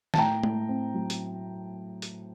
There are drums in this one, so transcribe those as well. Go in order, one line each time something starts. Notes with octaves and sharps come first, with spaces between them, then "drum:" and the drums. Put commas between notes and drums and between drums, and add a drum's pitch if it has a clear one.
A5, drum: snare
A2 G5 A#5
A2, drum: tom G#3
C4
F#3
drum: hi-hat
drum: hi-hat